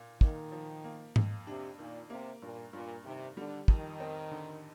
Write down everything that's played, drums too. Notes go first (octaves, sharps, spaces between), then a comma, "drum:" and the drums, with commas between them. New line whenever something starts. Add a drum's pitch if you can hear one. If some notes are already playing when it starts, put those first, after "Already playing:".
Already playing: A#2 A#3
A#2 D#3, drum: kick
F3
A#3
F2, drum: tom G#2
C3 D4
A#2 D#3
C3 A#3
G2 A#2
G2 A#2
C3 D#3
D3 G3
F2 D#3, drum: kick
C4
D3